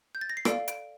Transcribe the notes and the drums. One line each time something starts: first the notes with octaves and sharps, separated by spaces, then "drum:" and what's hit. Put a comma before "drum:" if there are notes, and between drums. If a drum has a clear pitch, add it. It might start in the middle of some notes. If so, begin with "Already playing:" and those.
G6
A6
A#6
C7
A4 D5 F5 D7, drum: rim click
D7, drum: hi-hat